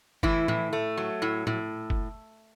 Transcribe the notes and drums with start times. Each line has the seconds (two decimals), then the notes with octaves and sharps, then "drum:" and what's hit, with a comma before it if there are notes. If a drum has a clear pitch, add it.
0.23 A2 E3 E4, drum: kick F#1
0.48 A2, drum: tom A2
0.73 A3
0.97 F#3
1.22 A2
1.47 A2, drum: tom A2
1.90 drum: kick F#1